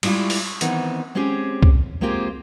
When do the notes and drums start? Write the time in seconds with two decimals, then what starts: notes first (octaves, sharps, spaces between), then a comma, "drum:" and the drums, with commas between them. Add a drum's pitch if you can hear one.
0.03 G3 G#3 E4 F4, drum: cymbal
0.30 drum: open hi-hat
0.61 D#3 E3 B3 C4 D#4, drum: hi-hat
1.15 G#3 C4 C#4 G4 G#4
1.63 drum: kick C2
2.01 G#3 A#3 C4 F4 G4 G#4